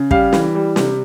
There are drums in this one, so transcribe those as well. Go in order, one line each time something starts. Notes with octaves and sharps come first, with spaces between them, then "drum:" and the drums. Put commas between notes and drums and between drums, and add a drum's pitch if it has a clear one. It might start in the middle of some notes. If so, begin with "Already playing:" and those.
Already playing: C#3
G3 F5, drum: kick
E3, drum: snare
G3
C3, drum: snare